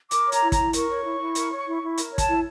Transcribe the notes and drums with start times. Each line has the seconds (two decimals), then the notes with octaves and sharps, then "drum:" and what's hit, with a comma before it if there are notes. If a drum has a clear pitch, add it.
0.11 A#4 D6, drum: hi-hat
0.26 C#5
0.32 A#5, drum: hi-hat
0.42 E4
0.52 A#5, drum: kick, hi-hat
0.57 E4
0.73 A#4 C#6, drum: hi-hat
0.89 C#5
1.04 E4
1.20 E4
1.35 A#4, drum: hi-hat
1.50 C#5
1.66 E4
1.82 E4
1.97 A#4, drum: hi-hat
2.12 C#5
2.18 A5, drum: kick, hi-hat
2.28 E4